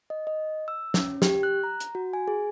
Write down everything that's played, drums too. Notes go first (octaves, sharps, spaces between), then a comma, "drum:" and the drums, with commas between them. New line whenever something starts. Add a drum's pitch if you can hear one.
D#5
D#5
E6
C#4, drum: snare
G4, drum: snare
F#6
A#5
drum: hi-hat
F#4
G#5
G#4